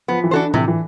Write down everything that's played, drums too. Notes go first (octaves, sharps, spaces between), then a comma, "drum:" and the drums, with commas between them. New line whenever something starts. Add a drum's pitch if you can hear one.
F3 B3
E3
D4 F#4 A4 C5
C3 E3, drum: tom A2
E3